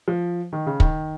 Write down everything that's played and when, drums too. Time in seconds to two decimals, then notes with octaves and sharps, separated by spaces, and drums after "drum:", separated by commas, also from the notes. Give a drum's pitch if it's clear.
0.08 F3
0.53 D#3
0.67 C#3
0.80 D#3, drum: kick